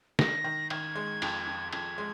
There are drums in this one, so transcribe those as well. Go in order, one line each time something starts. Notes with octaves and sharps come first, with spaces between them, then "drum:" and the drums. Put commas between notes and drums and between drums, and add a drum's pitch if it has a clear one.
D#3 A#6, drum: snare
D#3
D#3 G#6, drum: cymbal
G#3
F2, drum: cymbal
F2
F2 G#6, drum: cymbal
G#3